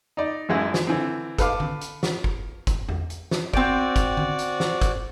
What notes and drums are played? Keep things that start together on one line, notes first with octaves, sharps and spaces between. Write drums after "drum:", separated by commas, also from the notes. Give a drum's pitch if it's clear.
D#4 D5
A1 F#2 E3 G#3 E4 F#4
drum: snare
D3 E3 C4
A4 B4 F5 D6, drum: kick, hi-hat
drum: tom D3
drum: hi-hat
drum: snare
drum: kick
drum: kick, hi-hat
drum: tom E2
drum: hi-hat
drum: snare
C4 F#4 D5 G5, drum: kick
drum: kick, hi-hat
drum: tom D3
drum: hi-hat
drum: snare
drum: kick, hi-hat